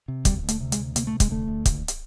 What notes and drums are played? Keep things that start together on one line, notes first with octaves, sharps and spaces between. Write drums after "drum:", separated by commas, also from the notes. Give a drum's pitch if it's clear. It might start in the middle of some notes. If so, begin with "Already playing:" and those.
C3
D2 G3, drum: kick, hi-hat
D2
A3, drum: hi-hat
C3
G#3, drum: hi-hat
D2
C3 A#3, drum: hi-hat
A3
C3
G#3, drum: kick, hi-hat
D2 A3
D2
C#2, drum: kick, hi-hat
drum: hi-hat